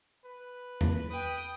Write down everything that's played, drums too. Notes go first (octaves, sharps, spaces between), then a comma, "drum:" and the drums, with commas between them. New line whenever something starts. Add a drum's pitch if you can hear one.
B4
drum: tom E2
B4 G5 D#6